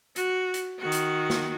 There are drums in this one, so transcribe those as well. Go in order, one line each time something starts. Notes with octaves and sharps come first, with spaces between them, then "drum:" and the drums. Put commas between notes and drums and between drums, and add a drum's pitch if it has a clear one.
F#4, drum: hi-hat
drum: hi-hat
D#3 F#4
drum: hi-hat
drum: snare